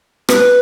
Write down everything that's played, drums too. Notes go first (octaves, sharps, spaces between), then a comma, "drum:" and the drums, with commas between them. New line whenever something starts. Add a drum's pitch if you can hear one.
B4, drum: rim click